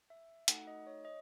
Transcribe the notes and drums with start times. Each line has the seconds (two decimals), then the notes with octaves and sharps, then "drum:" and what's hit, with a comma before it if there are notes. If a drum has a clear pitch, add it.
0.10 E5
0.48 A3 D#4 F#4 A4 F#5, drum: hi-hat
0.67 D#5
0.87 C#5
1.05 D#5